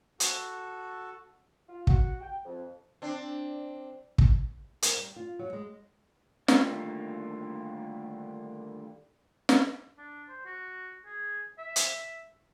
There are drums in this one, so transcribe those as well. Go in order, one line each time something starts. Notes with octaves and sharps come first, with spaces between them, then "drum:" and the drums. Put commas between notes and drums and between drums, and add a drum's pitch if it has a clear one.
F#4 A4, drum: hi-hat
F4
F#4, drum: kick
G5
F2
C4 D4
drum: kick
A#4, drum: hi-hat
G3
F4
F#3
G#3
D3 D#3 G3 A3 A#3 F4, drum: snare
drum: snare
D4
C5
F#4
G#4
E5
drum: hi-hat